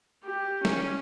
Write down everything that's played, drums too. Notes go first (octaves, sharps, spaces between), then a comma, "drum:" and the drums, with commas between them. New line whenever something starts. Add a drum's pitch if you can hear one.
G4
C#4, drum: snare